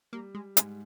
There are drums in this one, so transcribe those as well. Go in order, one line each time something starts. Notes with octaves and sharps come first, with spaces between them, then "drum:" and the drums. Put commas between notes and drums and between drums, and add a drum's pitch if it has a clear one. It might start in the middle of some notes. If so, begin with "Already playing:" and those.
G3 A#3
G#3
G#2 G#3, drum: hi-hat